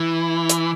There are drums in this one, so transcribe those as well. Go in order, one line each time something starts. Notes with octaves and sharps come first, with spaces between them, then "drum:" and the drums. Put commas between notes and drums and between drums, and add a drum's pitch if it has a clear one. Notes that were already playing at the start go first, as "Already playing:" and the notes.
Already playing: E3
drum: hi-hat